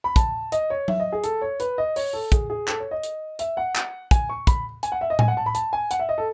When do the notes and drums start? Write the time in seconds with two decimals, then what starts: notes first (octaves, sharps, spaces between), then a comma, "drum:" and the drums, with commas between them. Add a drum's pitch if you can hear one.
0.04 B5
0.16 A5, drum: kick, hi-hat
0.52 D#5, drum: hi-hat
0.70 C#5
0.88 E5, drum: tom F#3
1.00 D#5
1.12 G#4
1.24 A4, drum: hi-hat
1.42 C#5
1.60 B4, drum: hi-hat
1.78 D#5
1.96 C#5, drum: open hi-hat
2.13 A4
2.32 G#4, drum: kick, hi-hat
2.50 G#4
2.67 A4, drum: clap
2.80 C#5
2.91 D#5
3.03 drum: hi-hat
3.39 E5, drum: hi-hat
3.57 F#5
3.75 drum: clap
4.11 G#5, drum: kick, hi-hat
4.29 C#6
4.47 B5, drum: kick, hi-hat
4.83 G#5, drum: hi-hat
4.92 F#5
5.01 E5
5.10 D#5
5.19 G#5, drum: tom A2
5.28 F#5
5.37 A5
5.46 B5
5.55 A5, drum: hi-hat
5.73 G#5
5.91 F#5, drum: hi-hat
6.00 E5
6.09 D#5
6.18 A4